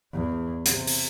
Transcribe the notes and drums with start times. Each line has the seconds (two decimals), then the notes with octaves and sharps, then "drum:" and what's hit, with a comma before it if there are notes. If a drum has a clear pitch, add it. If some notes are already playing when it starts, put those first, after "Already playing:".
0.12 E2
0.66 C3, drum: hi-hat
0.87 drum: open hi-hat